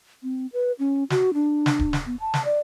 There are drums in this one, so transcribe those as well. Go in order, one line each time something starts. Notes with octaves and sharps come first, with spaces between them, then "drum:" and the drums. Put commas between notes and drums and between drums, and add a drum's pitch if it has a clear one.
C4
B4
C#4
F#4, drum: snare
D4
drum: snare
drum: kick D1
drum: snare
B3
A5
drum: snare
D5